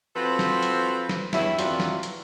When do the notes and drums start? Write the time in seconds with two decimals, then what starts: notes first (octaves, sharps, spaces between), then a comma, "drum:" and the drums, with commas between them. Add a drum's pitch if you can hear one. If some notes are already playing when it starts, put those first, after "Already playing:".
0.15 F3 C4 F#4 A4 B4 C5
0.39 drum: snare
0.63 drum: hi-hat
1.09 drum: snare
1.33 E2 G2 F#3 E4, drum: snare
1.59 F2 C3 E3 F4 F#4 D5, drum: hi-hat
1.80 drum: snare
2.03 drum: hi-hat